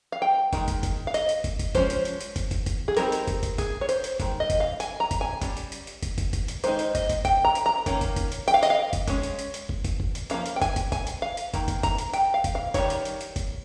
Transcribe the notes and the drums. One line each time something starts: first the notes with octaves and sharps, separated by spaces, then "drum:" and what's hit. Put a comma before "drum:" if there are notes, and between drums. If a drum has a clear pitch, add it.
F5
G5
D#3 G#3, drum: kick, hi-hat
drum: kick, hi-hat
drum: kick, hi-hat
F5
D#5, drum: hi-hat
drum: hi-hat
drum: kick, hi-hat
drum: kick, hi-hat
F3 G#3 C#4 C5, drum: kick, hi-hat
drum: hi-hat
drum: hi-hat
drum: hi-hat
drum: kick, hi-hat
drum: kick, hi-hat
drum: kick, hi-hat
G#4
G3 C4 D#4 A#4, drum: hi-hat
drum: hi-hat
drum: kick, hi-hat
drum: kick, hi-hat
G#4, drum: kick, hi-hat
C#5
C5, drum: hi-hat
drum: hi-hat
D#3 G#3, drum: kick, hi-hat
D#5
drum: kick, hi-hat
F5
G#5, drum: hi-hat
A#5
drum: kick, hi-hat
G#5
G3 C#4, drum: kick, hi-hat
drum: hi-hat
drum: hi-hat
drum: hi-hat
drum: kick, hi-hat
drum: kick, hi-hat
drum: kick, hi-hat
drum: hi-hat
D#3 G#3 D#4 C5, drum: hi-hat
drum: hi-hat
D#5, drum: kick, hi-hat
drum: kick, hi-hat
G5, drum: kick, hi-hat
A#5
drum: hi-hat
A#5
D#3 A#3 C#4, drum: kick, hi-hat
drum: kick, hi-hat
drum: kick, hi-hat
drum: hi-hat
G5, drum: hi-hat
F5
D#5, drum: hi-hat
F5
drum: kick, hi-hat
G#3 C#4, drum: kick, hi-hat
drum: hi-hat
drum: hi-hat
drum: hi-hat
drum: kick
drum: kick, hi-hat
drum: kick
drum: hi-hat
F3 A#3 C#4 F5, drum: hi-hat
drum: hi-hat
G5
G#5, drum: kick, hi-hat
drum: kick, hi-hat
G#5, drum: kick, hi-hat
drum: hi-hat
F5
drum: hi-hat
D#3 A#3, drum: kick, hi-hat
drum: kick, hi-hat
A#5, drum: kick, hi-hat
drum: hi-hat
G5, drum: hi-hat
F5
drum: kick, hi-hat
F5
D#3 G3 C4 D#4 C#5, drum: kick, hi-hat
drum: hi-hat
drum: hi-hat
drum: hi-hat
drum: kick, hi-hat